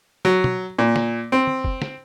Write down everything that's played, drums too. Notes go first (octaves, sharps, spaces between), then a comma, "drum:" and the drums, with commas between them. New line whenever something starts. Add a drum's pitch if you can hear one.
F#3, drum: snare
drum: tom
A#2
drum: snare
C4
drum: tom
drum: kick
drum: snare